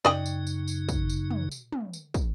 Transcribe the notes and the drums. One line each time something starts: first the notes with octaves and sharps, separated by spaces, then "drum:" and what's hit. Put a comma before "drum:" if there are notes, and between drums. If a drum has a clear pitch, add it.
F#2 C#3 D#4 D5 D#5 G5, drum: snare
drum: tambourine
drum: tambourine
drum: tambourine
drum: kick, tambourine
drum: tambourine
drum: tom
drum: tambourine
drum: tom
drum: tambourine
drum: kick, tambourine